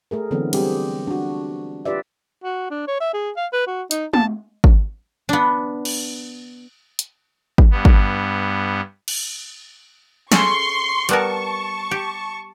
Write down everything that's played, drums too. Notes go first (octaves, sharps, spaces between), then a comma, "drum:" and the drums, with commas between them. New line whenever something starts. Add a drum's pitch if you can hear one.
A3 G#4 A#4
D3 E3 F#3 B3 C4
G3 C4 G4 G#4, drum: cymbal
D4 F#4
F4 G4 B4 D5 E5
F#4
D4
C#5
E5
G#4
F5
B4
F#4
D#4, drum: hi-hat
A5, drum: tom
drum: kick G#1
B3 D4
drum: cymbal
drum: hi-hat
drum: kick G#1
G2 B3
drum: kick G#1
drum: cymbal
C#4 G#4 A4 C6 C#6, drum: snare
G3 B3 A#4 A5 C#6, drum: hi-hat
G4